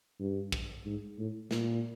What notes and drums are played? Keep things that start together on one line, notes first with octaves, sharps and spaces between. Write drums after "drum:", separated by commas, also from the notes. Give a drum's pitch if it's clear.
G2
drum: kick
G#2
A2
A#2, drum: snare